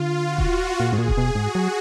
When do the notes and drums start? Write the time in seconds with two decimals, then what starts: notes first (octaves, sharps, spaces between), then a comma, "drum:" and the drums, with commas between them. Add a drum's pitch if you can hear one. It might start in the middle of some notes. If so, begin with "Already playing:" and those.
Already playing: D3 F4
0.25 F#4
0.38 drum: kick D#1
0.80 A#2 G#4
0.93 G#2
0.98 A#2
1.08 drum: kick D#1
1.18 B2
1.35 G#2 F#4
1.55 F#3